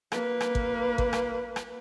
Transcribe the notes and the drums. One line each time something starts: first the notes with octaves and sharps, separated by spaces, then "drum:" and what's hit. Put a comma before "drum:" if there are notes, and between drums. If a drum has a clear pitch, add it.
A#3 B4, drum: rim click
drum: rim click
drum: kick
drum: kick
drum: rim click
drum: rim click